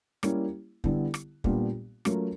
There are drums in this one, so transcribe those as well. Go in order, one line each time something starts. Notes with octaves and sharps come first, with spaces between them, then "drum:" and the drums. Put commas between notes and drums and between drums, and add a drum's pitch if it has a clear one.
G3 A#3 C#4 E4, drum: rim click
D3 G3 B3 E4, drum: kick
drum: rim click
A#2 G3 B3 D4 F4, drum: kick
F#3 A3 C#4 F4 A#4, drum: rim click